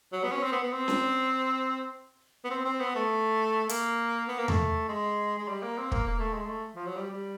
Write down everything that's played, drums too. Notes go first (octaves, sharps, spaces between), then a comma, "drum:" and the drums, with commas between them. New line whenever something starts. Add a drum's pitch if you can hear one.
F#3
B3
C#4
C4
B3
B3
C4
drum: snare C#4
B3
C4
C4
B3
A3
A#3, drum: hi-hat
B3
A#3
A3, drum: tom E2
G#3
G#3
G3
A#3
C4
A#3, drum: kick
A#3
A3
G#3
A3
F3
F#3
G3
G3